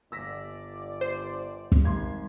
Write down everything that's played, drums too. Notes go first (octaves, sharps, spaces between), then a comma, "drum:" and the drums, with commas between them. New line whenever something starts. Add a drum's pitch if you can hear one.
G1 D5 E6 A#6 B6
C5
drum: kick
G#1 G3 C6 G#6